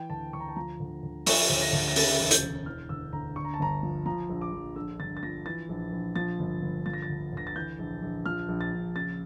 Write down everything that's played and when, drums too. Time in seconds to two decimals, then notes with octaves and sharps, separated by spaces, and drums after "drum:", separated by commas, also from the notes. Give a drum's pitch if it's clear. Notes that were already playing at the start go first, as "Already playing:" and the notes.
Already playing: E3 G5
0.10 D2 A5
0.33 D2 C#6
0.40 A#5
0.48 A5
0.56 F3 A#5
0.80 D2
1.03 D2
1.27 F3 C#6, drum: open hi-hat
1.50 D2
1.61 A#6
1.73 D2
1.88 A#6
1.96 C#3 A6, drum: open hi-hat
2.19 E1
2.31 G6, drum: hi-hat
2.43 E1
2.66 E3 F6
2.89 D2 E6
3.13 D2 A#5
3.36 D3 C#6
3.45 A#5
3.54 A5
3.60 G1 A#5
3.83 F3
4.06 F3 A#5
4.30 A#1
4.42 D6
4.52 A#1
4.76 D3 E6
5.00 G1 A6
5.17 A6
5.23 F3 A#6
5.46 E3 A6
5.69 A#1
5.93 A#1
6.16 F3 A6
6.39 G1
6.62 G1
6.86 F3 A6
6.93 A#6
7.02 A6
7.10 D2
7.33 D2 A#6
7.47 A6
7.56 E3 G6
7.79 A#1
8.02 A#1
8.26 F3 F6
8.49 A#1
8.61 A6
8.72 A#1
8.96 C#3 A6